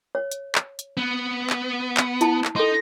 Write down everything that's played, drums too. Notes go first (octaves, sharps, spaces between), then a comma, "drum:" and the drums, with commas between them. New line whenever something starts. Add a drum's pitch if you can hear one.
C#5
drum: hi-hat
drum: clap
drum: hi-hat
B3
drum: clap
drum: clap
E4 A5, drum: hi-hat
drum: clap
D#4 A4 C6